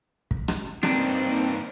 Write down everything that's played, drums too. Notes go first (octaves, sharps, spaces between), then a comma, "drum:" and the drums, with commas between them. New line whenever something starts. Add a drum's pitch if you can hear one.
drum: kick
drum: rim click
G2 D#3 A#3 C4 D4 D#4 C5, drum: rim click